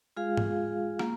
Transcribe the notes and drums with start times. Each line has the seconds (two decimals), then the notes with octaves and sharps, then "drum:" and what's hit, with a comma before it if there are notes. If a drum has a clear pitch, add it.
0.16 G#3 F4 G#4 F5
0.37 drum: tom G#2
0.99 A#3, drum: rim click